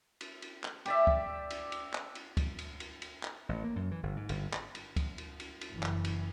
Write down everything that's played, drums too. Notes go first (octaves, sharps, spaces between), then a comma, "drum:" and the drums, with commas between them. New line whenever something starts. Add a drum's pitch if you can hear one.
drum: cymbal
drum: cymbal
drum: clap
G4 D5 E5, drum: cymbal
drum: kick C#2
drum: cymbal
drum: cymbal
drum: clap
drum: cymbal
drum: kick C#2, cymbal
drum: cymbal
drum: cymbal
drum: cymbal
drum: clap
A1
A#3
F#2
E3
G1
G#2
G1, drum: cymbal
drum: clap
drum: cymbal
drum: kick C#2, cymbal
drum: cymbal
drum: cymbal
drum: cymbal
F#1 E3
drum: clap
drum: cymbal